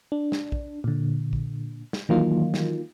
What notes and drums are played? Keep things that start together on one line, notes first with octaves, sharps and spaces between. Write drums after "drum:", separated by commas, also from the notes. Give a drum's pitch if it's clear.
D4
drum: snare
drum: kick A#1
A#2 D3
drum: kick A#1
drum: snare
D#3 E3 F#3 A#3 D#4 F4
drum: snare